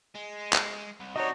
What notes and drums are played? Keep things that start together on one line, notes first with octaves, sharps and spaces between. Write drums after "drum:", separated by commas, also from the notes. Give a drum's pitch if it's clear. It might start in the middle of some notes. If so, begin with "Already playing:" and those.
G#3
drum: clap
C2
C3 D4 D#4 F#4 C#5 D#5